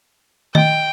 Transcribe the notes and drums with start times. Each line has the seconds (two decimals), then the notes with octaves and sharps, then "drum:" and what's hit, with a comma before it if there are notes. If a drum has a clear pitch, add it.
0.55 D#5 G5, drum: tom D#3